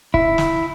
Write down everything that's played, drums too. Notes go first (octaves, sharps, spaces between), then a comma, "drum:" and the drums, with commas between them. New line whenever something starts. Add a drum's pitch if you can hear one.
E4, drum: kick C#1
drum: snare